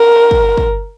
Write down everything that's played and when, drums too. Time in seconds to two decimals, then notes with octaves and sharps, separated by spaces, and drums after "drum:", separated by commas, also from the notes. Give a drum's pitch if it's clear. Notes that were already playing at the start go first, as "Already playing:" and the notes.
Already playing: A#4
0.31 drum: kick
0.57 drum: kick